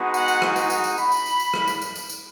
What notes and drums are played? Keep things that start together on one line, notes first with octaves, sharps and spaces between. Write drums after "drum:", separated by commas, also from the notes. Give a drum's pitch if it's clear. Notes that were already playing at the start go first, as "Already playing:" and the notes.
Already playing: G#3 B3 D#4 F#4
F#5, drum: tambourine
drum: tambourine
drum: rim click
drum: tambourine
drum: tambourine
drum: tambourine
B5, drum: tambourine
drum: tambourine
drum: tambourine
drum: tambourine
drum: rim click
drum: tambourine
drum: tambourine
drum: tambourine
drum: tambourine